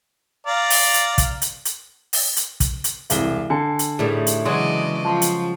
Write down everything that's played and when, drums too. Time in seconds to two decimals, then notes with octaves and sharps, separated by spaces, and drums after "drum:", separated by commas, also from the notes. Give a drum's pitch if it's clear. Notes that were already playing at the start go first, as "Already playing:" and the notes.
0.47 D5 F5 A#5
0.70 drum: open hi-hat
0.94 drum: hi-hat
1.18 drum: kick, hi-hat
1.42 drum: hi-hat
1.65 drum: hi-hat
2.13 drum: open hi-hat
2.37 drum: hi-hat
2.60 drum: kick, hi-hat
2.84 drum: hi-hat
3.10 E1 C2 F5 G7, drum: hi-hat
3.50 D3 G#5 C#7
3.79 drum: hi-hat
3.99 A2 D#3 G3 G#4 D5
4.27 drum: hi-hat
4.45 C#3 E3 F#3 G#3 D5 D#5 C6
5.05 F3 A5 C6
5.22 drum: hi-hat